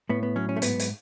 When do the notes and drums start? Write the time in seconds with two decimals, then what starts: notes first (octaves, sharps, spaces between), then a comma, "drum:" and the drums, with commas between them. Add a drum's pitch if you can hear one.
0.09 A2 B3
0.23 B3
0.36 F#3 C#4
0.49 C#4
0.56 A3
0.62 G#2 B3, drum: hi-hat
0.80 drum: hi-hat